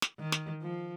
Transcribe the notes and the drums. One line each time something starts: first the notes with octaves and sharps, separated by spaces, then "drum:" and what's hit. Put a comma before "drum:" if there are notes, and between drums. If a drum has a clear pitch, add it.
drum: snare
D#3
drum: snare
F3